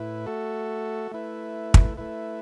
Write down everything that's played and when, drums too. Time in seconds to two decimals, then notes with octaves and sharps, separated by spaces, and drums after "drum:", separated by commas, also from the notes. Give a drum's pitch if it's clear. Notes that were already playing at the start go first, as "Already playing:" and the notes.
Already playing: A2 E4 B4
0.26 A3 F#4 A4
1.12 A3 E4 B4
1.74 drum: kick
1.97 A3 E4 B4